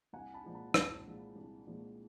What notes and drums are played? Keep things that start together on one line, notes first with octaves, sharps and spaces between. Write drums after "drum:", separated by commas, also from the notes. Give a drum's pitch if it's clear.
C2 F#5 G#5
A5 B5
A#2 F3 G#3
A5 B5
C2 A5 B5, drum: rim click
A#2 F3 G#3
C2
A#2 F3 G#3